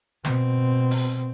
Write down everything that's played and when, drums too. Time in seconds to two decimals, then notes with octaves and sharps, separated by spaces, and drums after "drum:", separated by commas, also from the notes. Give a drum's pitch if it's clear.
0.25 B2 C4, drum: snare
0.91 drum: open hi-hat